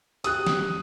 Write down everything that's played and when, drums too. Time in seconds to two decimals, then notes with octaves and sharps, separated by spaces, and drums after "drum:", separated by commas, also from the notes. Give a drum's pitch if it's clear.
0.24 G4 D#6 F#6, drum: hi-hat
0.47 drum: snare